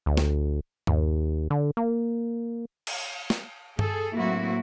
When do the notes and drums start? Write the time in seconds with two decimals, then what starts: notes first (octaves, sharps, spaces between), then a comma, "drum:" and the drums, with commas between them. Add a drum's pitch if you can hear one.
0.06 D2
0.17 drum: snare
0.87 D#2, drum: tom G2
1.50 D3
1.77 A#3
2.87 drum: cymbal
3.30 drum: snare
3.79 G#4 A4, drum: tom G2
4.15 A2 F#3 A#3 C4 E4 F#4